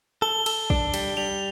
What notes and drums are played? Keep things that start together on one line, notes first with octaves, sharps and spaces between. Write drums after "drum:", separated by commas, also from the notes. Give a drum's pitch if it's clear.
A4 G7
A4, drum: cymbal
D4, drum: kick
G3, drum: cymbal
G3 F7